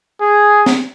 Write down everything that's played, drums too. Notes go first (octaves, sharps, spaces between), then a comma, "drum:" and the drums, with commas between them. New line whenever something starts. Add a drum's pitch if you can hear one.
G#4
drum: snare